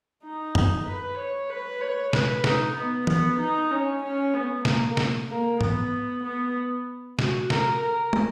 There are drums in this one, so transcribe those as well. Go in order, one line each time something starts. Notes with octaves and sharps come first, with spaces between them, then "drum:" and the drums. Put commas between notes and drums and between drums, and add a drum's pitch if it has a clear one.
D#4
drum: tom
B4
C#5
B4
C#5
B4, drum: snare
D#4, drum: snare
B3
B3, drum: tom
D#4
C#4
C#4
B3
A#3, drum: snare
drum: snare
A#3
B3, drum: tom G#2
B3
F#4, drum: snare
A#4, drum: snare
A#4
drum: tom